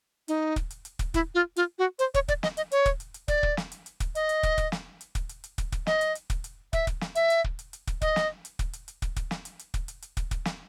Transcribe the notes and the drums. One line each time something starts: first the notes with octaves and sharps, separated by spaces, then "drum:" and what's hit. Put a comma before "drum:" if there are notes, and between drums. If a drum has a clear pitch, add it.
D#4, drum: hi-hat
drum: kick, hi-hat
drum: hi-hat
drum: hi-hat
drum: kick, hi-hat
E4, drum: kick, hi-hat
F4
F4, drum: hi-hat
F#4
C5, drum: hi-hat
C#5, drum: kick, hi-hat
D5, drum: kick, hi-hat
D#5, drum: snare
D#5, drum: hi-hat
C#5, drum: hi-hat
drum: kick, hi-hat
drum: hi-hat
drum: hi-hat
D5, drum: kick, hi-hat
drum: kick
drum: snare
drum: hi-hat
drum: hi-hat
drum: kick, hi-hat
D#5, drum: hi-hat
drum: hi-hat
drum: kick, hi-hat
drum: kick, hi-hat
drum: snare
drum: hi-hat
drum: kick, hi-hat
drum: hi-hat
drum: hi-hat
drum: kick, hi-hat
drum: kick, hi-hat
D#5, drum: snare
drum: hi-hat
drum: hi-hat
drum: kick, hi-hat
drum: hi-hat
E5, drum: kick, hi-hat
drum: kick, hi-hat
drum: snare
E5, drum: hi-hat
drum: hi-hat
drum: kick
drum: hi-hat
drum: hi-hat
drum: kick, hi-hat
D#5, drum: kick, hi-hat
drum: snare
drum: hi-hat
drum: kick, hi-hat
drum: hi-hat
drum: hi-hat
drum: kick, hi-hat
drum: kick, hi-hat
drum: snare
drum: hi-hat
drum: hi-hat
drum: kick, hi-hat
drum: hi-hat
drum: hi-hat
drum: kick, hi-hat
drum: kick, hi-hat
drum: snare